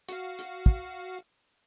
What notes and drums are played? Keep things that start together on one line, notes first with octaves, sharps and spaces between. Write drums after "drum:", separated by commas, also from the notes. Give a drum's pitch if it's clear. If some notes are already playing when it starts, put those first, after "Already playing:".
F#4 F5, drum: hi-hat
drum: hi-hat
drum: kick